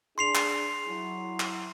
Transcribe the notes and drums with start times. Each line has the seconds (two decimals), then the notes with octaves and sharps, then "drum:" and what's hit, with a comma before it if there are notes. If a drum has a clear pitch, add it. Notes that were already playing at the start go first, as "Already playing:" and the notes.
0.18 D4 G#4 C6 C7 F7
0.35 drum: clap
0.87 F#3 E4
1.40 drum: clap